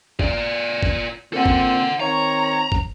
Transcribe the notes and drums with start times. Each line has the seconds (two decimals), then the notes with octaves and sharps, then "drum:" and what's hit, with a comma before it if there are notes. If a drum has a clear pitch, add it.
0.19 F4 D5, drum: kick
0.83 drum: kick
1.33 A#2 D3 C4 A4 F#5
1.46 drum: kick
2.00 D#3 C4 C#5 A#5
2.72 drum: kick